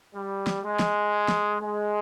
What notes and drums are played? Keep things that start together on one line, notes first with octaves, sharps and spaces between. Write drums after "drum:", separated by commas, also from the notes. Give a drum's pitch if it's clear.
G3
drum: snare
G#3
drum: snare
drum: snare
G#3